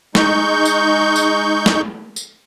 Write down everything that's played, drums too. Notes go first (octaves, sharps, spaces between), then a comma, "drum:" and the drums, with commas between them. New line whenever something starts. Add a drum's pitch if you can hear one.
G#3 D#4 C#6 G6, drum: snare
drum: tambourine
drum: tambourine
drum: snare
drum: tambourine